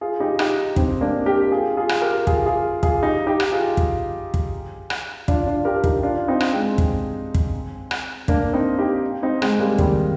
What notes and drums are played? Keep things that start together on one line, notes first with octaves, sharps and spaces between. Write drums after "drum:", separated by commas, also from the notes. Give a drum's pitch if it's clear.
F4 G#4
D#4 G4
D#4 G4, drum: rim click
C4 D#4, drum: kick
A#3 D4
G4 A#4
F4 G#4
F4 G#4
drum: rim click
G4 A#4
F4 G#4, drum: kick
F4 G#4
F4 G#4, drum: kick
D#4 G4
D#4 G4
drum: rim click
F4 G#4
drum: kick
drum: kick
drum: rim click
D4 F4, drum: kick
D4 F4
G4 A#4
D#4 G4, drum: kick
D4 F4
C4 D#4
drum: rim click
G#3 C4
drum: kick
drum: kick
drum: rim click
A#3 D4, drum: kick
C4 D#4
D#4 G4
C4 D#4
G#3 C4, drum: rim click
G3 A#3
D#3 G3, drum: kick